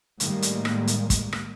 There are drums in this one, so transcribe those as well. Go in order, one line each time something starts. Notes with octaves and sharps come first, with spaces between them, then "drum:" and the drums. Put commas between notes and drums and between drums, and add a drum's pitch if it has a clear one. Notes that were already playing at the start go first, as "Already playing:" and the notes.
A2 D#3 G3 G#3 A#3, drum: hi-hat
drum: hi-hat
drum: rim click
drum: hi-hat
drum: kick, hi-hat
drum: rim click